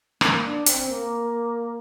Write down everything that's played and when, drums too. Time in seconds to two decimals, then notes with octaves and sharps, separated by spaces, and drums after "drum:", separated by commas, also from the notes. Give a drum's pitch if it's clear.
0.21 A#3, drum: rim click
0.44 D4
0.66 C4, drum: hi-hat
0.89 A#3